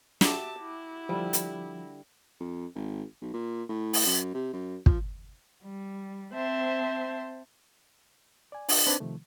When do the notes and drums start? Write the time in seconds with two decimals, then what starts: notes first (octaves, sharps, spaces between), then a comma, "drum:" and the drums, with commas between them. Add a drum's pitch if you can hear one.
0.21 F#4 G4 E5 A5 D6, drum: snare
0.60 E4
1.09 D3 F3 G3
1.33 drum: hi-hat
2.40 F2
2.75 G#1
3.21 B1
3.33 A#2
3.69 A2
3.93 drum: open hi-hat
4.06 F#2
4.34 C3
4.53 F#2
4.86 F3, drum: kick
5.63 G3
6.35 C4 C5 E5 A5
8.52 D5 G#5
8.69 D4 F4 G#4 B4 D#5, drum: open hi-hat
8.86 C4 D4 D#4 B4 C5 D5
9.00 C3 D#3 F3 A3